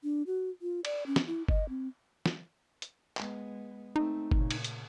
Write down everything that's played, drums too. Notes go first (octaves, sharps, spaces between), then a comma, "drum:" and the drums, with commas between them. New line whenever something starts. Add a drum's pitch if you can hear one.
D4
F#4
F4
D5, drum: cymbal
C#4
drum: snare
E4
D#5, drum: kick G1
C4
drum: snare
drum: hi-hat
G#3 B3, drum: clap
A3 C4 D#4
A#2 C#3, drum: kick G1
drum: cymbal
drum: hi-hat